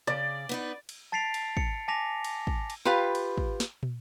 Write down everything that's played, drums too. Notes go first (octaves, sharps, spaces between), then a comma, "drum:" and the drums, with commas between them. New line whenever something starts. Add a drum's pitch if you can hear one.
C#3 D5
B3 D#4 B4
drum: cymbal
A5 A6 B6 C7 D7 F7
drum: cymbal
C#7, drum: kick
G#5 A5 D6 A#6 B6 F7
drum: cymbal
drum: kick
drum: cymbal
F4 G4 B4 F5
drum: cymbal
drum: kick
drum: snare
drum: tom